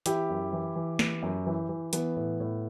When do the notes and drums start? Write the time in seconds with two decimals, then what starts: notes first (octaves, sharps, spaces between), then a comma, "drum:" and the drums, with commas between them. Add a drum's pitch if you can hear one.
0.06 E3 E4 G4, drum: hi-hat
0.29 F#2
0.53 E3
0.76 E3
0.99 E3, drum: snare
1.22 F#2
1.46 E3
1.69 E3
1.93 E3 B3, drum: hi-hat
2.16 A2
2.40 A2